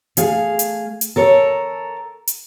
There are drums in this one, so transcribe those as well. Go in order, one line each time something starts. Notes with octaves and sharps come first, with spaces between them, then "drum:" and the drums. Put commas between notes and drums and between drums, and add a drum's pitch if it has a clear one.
A3 G#4 F5, drum: hi-hat
drum: hi-hat
drum: hi-hat
A4 A#4 C#5
drum: hi-hat